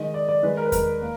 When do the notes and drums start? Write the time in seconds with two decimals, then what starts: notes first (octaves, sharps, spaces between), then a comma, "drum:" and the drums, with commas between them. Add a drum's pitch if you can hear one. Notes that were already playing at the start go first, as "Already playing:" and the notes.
Already playing: D#3 G#3 D#5
0.14 D5
0.29 D5
0.43 D#3 G#3 B4
0.57 A#4
0.65 B4
0.72 A#4, drum: kick E2, hi-hat
1.02 A#3